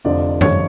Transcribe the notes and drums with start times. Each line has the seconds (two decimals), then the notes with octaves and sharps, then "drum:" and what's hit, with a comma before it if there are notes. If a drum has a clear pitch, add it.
0.05 F1 F2 D3 F3 D5
0.41 D3 F3 C#5, drum: tom F#2